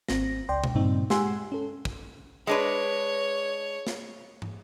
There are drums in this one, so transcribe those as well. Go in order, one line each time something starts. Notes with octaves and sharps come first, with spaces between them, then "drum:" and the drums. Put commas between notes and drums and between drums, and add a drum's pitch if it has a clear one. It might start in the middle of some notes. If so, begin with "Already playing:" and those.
G#1 C4 A#6, drum: snare
C#2 D5 G5 C6
drum: tom B2
G2 A#2 C#3 C4 D#4
G#3 G4 F#5 G#5 C6 E6, drum: snare
C#4 A4
drum: kick
G#3 D4 B4 C#5
drum: snare
drum: tom